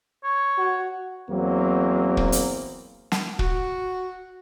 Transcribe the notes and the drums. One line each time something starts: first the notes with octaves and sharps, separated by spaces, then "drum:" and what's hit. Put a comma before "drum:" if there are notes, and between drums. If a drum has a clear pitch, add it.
C#5
F#4
E2 F#3 A#3 C4
drum: kick
drum: hi-hat
drum: snare
F#4, drum: kick